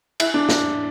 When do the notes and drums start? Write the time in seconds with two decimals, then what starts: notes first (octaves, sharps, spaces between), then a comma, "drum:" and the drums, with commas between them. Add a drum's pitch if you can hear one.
0.20 E4, drum: cymbal
0.34 D4
0.49 D4, drum: snare